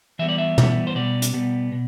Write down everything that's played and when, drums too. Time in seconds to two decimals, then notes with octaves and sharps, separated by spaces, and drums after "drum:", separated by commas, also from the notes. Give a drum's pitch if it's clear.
0.19 E3 G3 B3 E5
0.29 D5
0.38 E5
0.58 E3 G3 B3, drum: tom
0.87 C5
0.95 B2 G3 B3 D5
1.22 drum: hi-hat
1.34 B2 G3 B3
1.72 B2